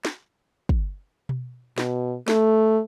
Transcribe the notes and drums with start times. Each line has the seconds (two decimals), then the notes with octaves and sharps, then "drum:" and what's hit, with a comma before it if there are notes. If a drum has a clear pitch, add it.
0.05 drum: snare
0.69 drum: kick
1.29 drum: tom B2
1.78 B2, drum: snare
2.28 A3, drum: snare